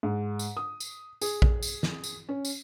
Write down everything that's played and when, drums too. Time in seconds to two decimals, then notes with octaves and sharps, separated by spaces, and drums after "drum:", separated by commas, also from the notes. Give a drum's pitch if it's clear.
0.03 G#2
0.39 drum: tambourine
0.57 D#6
0.80 drum: tambourine
1.21 G#4, drum: tambourine
1.42 drum: kick A#1
1.63 drum: tambourine
1.83 drum: snare
2.04 drum: tambourine
2.29 C#4
2.45 drum: tambourine